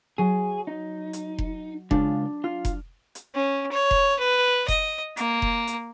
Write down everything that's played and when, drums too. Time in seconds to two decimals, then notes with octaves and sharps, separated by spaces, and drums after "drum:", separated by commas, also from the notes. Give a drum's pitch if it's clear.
0.18 F#3 G#4
0.67 D#4
1.13 drum: hi-hat
1.38 drum: kick F1
1.91 C#3 G#3 D4 F4, drum: kick F1
2.44 F4 F6
2.65 drum: kick F1, hi-hat
3.15 drum: hi-hat
3.35 C#4
3.72 C#5
3.91 drum: kick F1
4.19 B4
4.68 D#5, drum: kick F1, hi-hat
5.17 A#3, drum: hi-hat
5.42 drum: kick F1
5.67 drum: hi-hat